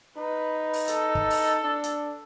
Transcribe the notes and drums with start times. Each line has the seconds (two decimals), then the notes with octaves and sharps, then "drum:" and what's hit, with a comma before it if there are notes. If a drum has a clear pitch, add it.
0.17 D#4 B4
0.73 drum: open hi-hat
0.88 A4, drum: hi-hat
1.15 drum: kick
1.30 drum: open hi-hat
1.64 D4
1.84 drum: hi-hat